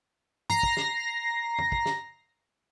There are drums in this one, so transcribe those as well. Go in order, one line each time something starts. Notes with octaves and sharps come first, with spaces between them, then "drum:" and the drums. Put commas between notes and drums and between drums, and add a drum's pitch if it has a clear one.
A#5 A#6 C7, drum: tom G2
drum: kick
drum: snare
drum: tom
drum: kick
drum: snare